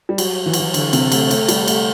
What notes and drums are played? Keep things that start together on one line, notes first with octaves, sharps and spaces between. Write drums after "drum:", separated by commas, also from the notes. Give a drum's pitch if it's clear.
G3
F#3, drum: cymbal
E3
F#3, drum: cymbal
E3
D3, drum: cymbal
C3, drum: cymbal
A3, drum: cymbal
A3, drum: cymbal
G3, drum: cymbal
A3, drum: cymbal